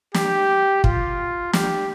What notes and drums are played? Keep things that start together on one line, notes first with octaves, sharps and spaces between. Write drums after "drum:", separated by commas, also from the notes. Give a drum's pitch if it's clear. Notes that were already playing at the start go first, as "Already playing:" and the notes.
G4, drum: snare
F4, drum: kick
G4, drum: snare